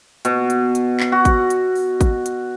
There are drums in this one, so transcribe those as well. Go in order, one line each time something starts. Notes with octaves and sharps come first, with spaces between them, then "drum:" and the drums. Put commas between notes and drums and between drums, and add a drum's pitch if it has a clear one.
B2, drum: hi-hat
drum: hi-hat
drum: hi-hat
drum: clap
F#4
drum: kick G#1, hi-hat
drum: hi-hat
drum: open hi-hat
drum: kick G#1, hi-hat
drum: hi-hat